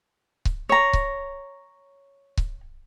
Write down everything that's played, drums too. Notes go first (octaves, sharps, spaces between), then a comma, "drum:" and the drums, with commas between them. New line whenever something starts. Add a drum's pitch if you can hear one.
drum: kick C#1
C#5 A#5
drum: kick C#1
drum: kick C#1